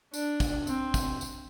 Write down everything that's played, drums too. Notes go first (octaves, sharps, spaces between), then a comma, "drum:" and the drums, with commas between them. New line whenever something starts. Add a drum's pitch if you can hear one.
D4, drum: tambourine
drum: kick, tambourine
C4, drum: tambourine
drum: kick, tambourine
drum: tambourine